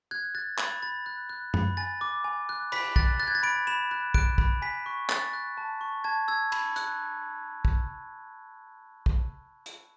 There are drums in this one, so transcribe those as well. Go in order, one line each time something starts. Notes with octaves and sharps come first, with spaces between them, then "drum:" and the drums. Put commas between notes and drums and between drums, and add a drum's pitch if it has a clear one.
F#6 G#6
F#6 A6
B5 A6, drum: clap
B5 A6
F#6
F#6
B5, drum: tom F#2
G#5 A6
D6
G#5
F#6
B5 B6, drum: cymbal
F#6 A6, drum: kick
F#6 A6
G#6
A6
B5 D7
B5 E7
F#6
F#6 D7, drum: kick
B5, drum: kick
G#5 B6
C#6
G#5 A6, drum: clap
F#6
A5
C#6
A5 G#6
E6 G#6
B5, drum: cymbal
F#6, drum: hi-hat
drum: kick
drum: kick
drum: hi-hat